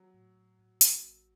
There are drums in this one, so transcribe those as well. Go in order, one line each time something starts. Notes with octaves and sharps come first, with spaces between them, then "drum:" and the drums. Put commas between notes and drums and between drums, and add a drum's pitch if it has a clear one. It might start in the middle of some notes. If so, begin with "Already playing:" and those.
Already playing: F#3
A2
A2
A2
A#3, drum: hi-hat
A1